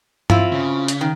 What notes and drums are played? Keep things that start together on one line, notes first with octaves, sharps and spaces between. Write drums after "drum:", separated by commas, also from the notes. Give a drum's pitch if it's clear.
C4 E4 F4, drum: tom G2
C#3
drum: hi-hat
D#3